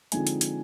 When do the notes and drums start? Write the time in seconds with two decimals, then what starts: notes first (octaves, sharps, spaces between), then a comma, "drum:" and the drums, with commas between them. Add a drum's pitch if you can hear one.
0.12 D3 F3 G#3 C4 D#4 G#5, drum: hi-hat
0.27 drum: hi-hat
0.41 drum: hi-hat